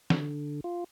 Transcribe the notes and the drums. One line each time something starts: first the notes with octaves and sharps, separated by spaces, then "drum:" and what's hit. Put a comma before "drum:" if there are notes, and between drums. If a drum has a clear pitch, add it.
D3, drum: snare
F4